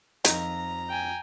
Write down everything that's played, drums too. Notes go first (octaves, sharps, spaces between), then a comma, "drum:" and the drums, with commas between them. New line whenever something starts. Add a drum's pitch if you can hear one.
F2 D#3 A#5, drum: hi-hat
G5 G#5